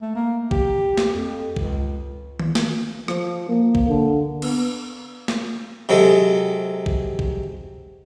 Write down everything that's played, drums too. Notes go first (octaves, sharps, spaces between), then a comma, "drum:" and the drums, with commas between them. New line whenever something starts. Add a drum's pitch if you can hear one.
A3
A#3
G4, drum: kick
drum: snare
F2
C#2, drum: kick
drum: tom D#3
drum: snare
F3, drum: rim click
A#3
drum: kick
D3
B3, drum: cymbal
drum: snare
C3 F#3 G#3 A4
drum: kick
drum: kick